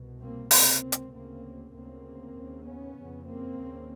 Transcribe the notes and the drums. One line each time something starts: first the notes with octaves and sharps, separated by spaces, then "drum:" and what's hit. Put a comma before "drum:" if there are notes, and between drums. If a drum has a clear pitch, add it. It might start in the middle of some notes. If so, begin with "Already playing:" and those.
Already playing: C2 B2
A#3 C4
C#2 C3 A#3 C4, drum: open hi-hat
drum: hi-hat
D2 C#3 A#3 C4
D2 C#3 A#3 C4
D#2 C#3
B3 C#4
F2 C#3
A#3 C4
D#2 C#3